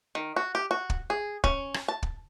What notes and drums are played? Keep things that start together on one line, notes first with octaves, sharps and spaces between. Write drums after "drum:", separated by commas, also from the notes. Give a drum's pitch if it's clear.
D#3
F#4
G4
F#4
drum: kick
G#4
C#4, drum: kick
drum: rim click
A5
drum: kick